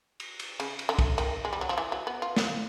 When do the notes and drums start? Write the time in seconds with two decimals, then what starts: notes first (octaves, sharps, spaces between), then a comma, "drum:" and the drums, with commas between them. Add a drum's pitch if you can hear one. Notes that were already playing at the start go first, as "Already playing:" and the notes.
0.20 drum: cymbal
0.39 drum: cymbal
0.60 C#3, drum: cymbal
0.79 drum: cymbal
0.89 D3
0.99 drum: kick, cymbal
1.18 D#3, drum: cymbal
1.45 G#3
1.53 G3
1.61 F#3
1.69 F3
1.78 E3
1.92 F#3
2.07 B3
2.22 F4
2.36 drum: snare